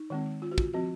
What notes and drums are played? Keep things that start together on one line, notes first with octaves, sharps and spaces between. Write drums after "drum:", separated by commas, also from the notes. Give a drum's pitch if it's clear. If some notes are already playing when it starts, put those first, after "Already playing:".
Already playing: D#4
D#3 G#3 C4
F4
F#4
F4, drum: kick
F3 C4 F#4